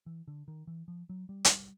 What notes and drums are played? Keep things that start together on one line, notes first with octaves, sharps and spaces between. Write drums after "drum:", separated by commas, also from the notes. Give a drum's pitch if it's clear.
E3
D3
D#3
E3
F3
F#3
G3
drum: hi-hat